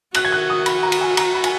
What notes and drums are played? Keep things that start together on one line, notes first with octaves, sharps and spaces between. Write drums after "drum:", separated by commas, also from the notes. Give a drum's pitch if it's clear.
F#4 F#6, drum: cymbal
G#6
F#6
D#6
B5, drum: cymbal
A#5
drum: cymbal
G#5
A#5, drum: cymbal
B5
G#5, drum: cymbal